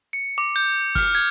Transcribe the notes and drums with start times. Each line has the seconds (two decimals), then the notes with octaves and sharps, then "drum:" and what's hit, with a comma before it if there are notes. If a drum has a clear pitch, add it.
0.13 C#7
0.38 D6
0.56 G6
0.95 F6, drum: kick, open hi-hat
1.15 G#6